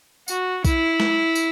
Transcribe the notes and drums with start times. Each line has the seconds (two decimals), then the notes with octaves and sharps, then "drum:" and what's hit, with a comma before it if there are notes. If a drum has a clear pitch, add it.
0.28 F#4, drum: tambourine
0.65 E4, drum: kick B1, tambourine
1.00 drum: snare
1.35 drum: tambourine